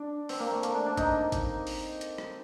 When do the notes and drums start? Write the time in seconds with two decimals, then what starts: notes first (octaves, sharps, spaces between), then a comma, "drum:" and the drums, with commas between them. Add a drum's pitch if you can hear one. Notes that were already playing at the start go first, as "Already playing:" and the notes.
Already playing: D4
0.29 C4, drum: open hi-hat
0.40 A#3
0.51 A3
0.63 A#3, drum: hi-hat
0.74 D4
0.86 D4
0.97 D#4, drum: kick G#1, hi-hat
1.32 drum: kick G#1, hi-hat
1.67 drum: open hi-hat
2.01 drum: hi-hat
2.18 drum: rim click